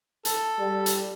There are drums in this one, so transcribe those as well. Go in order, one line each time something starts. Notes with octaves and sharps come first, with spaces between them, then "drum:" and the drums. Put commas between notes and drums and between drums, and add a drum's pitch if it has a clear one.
A4, drum: hi-hat
G3
drum: hi-hat